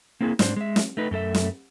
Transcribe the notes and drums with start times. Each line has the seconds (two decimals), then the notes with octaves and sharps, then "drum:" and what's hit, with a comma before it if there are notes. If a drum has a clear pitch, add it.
0.21 A#3 C4 E4 G#4
0.39 G#2 D4 C5, drum: snare
0.56 G#3 E5
0.76 drum: snare
0.97 A3 D#4 B4
1.11 F#2 A3 A4 E5
1.34 drum: snare